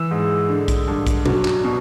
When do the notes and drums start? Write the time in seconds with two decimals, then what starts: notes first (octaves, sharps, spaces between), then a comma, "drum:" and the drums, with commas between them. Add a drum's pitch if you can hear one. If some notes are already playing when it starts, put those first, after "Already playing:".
Already playing: E3 E6
0.11 G#2
0.49 D3
0.68 drum: kick, hi-hat
0.87 G2
1.07 drum: kick, hi-hat
1.26 F#3, drum: tom B2
1.45 drum: clap
1.64 B2